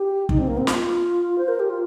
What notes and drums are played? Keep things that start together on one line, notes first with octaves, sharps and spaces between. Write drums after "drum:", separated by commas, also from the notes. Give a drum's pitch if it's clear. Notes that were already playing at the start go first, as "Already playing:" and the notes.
Already playing: G4
D#4, drum: kick
C4
A#3
C4
F4, drum: snare
C5
A#4
G4
F4